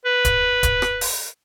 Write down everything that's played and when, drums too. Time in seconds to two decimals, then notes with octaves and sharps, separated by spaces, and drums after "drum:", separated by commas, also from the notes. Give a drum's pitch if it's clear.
0.05 B4
0.25 drum: kick, hi-hat
0.63 drum: kick, hi-hat
0.82 drum: rim click
1.01 drum: open hi-hat